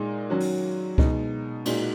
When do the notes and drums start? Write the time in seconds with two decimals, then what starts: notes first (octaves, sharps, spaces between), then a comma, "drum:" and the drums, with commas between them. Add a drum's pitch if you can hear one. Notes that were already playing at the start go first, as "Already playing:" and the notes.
Already playing: A#2 G#3 D#4
0.30 D#3 F#3 C#4 F#4
0.40 drum: open hi-hat
0.98 B2 G#3 D#4, drum: kick C#2
1.65 A#2 G#3 D#4 F#4, drum: cymbal